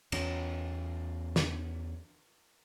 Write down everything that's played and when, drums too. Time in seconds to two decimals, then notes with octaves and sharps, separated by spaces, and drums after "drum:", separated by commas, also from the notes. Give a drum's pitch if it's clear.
0.12 E2 C#4, drum: cymbal
1.36 drum: snare